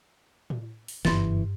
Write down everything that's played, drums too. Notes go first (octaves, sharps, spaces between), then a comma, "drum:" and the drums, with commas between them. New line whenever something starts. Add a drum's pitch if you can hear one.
drum: tom A2
drum: open hi-hat
F#1 C2 G2 E3 C6 A6, drum: snare